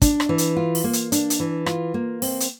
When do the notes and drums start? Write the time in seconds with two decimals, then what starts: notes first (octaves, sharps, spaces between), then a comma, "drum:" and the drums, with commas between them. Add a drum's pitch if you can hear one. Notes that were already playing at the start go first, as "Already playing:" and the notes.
0.02 D4, drum: kick, hi-hat
0.20 drum: rim click
0.29 E3
0.38 drum: hi-hat
0.56 F4
0.75 drum: open hi-hat
0.84 A#3
0.93 drum: hi-hat
1.12 D4, drum: hi-hat
1.30 drum: hi-hat
1.40 E3
1.66 F4, drum: rim click
1.94 A#3
2.22 C4, drum: open hi-hat
2.40 drum: hi-hat